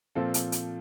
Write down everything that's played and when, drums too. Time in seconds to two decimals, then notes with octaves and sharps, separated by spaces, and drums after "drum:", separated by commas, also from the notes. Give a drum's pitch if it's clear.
0.15 A#2 F3 C4 F4 A4
0.34 drum: hi-hat
0.52 drum: hi-hat